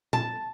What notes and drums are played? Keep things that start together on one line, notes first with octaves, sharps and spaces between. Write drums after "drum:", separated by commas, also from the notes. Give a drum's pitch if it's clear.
A5, drum: tom A#2